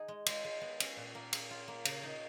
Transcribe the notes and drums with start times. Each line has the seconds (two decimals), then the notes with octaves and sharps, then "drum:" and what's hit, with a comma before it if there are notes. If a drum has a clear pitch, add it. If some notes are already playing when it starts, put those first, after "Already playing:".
Already playing: D#4 G#4
0.08 G#3
0.26 G#3, drum: cymbal
0.45 G#3
0.61 B3
0.80 C#4, drum: cymbal
0.97 A#2
1.15 A#3
1.33 G#4, drum: cymbal
1.51 F4
1.68 A#3
1.85 C#3, drum: cymbal
2.03 D#4